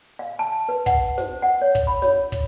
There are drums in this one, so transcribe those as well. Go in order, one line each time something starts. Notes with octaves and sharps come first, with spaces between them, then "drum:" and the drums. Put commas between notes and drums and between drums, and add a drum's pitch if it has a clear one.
F5
A5
B4
F#5, drum: kick
C5, drum: snare
F#5
C#5
drum: kick
B5
C#5, drum: snare
drum: kick